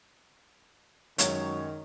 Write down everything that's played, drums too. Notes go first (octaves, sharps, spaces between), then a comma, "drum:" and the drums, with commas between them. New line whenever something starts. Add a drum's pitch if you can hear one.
F#2 D#3 F#3 G#3 C#4 C#5, drum: hi-hat